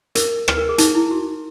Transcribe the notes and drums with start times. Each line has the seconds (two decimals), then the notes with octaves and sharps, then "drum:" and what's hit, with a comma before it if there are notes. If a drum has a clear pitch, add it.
0.15 A#4, drum: hi-hat
0.48 B4, drum: rim click
0.57 A#4
0.69 G#4
0.78 D#4, drum: hi-hat
0.95 E4
1.11 F#4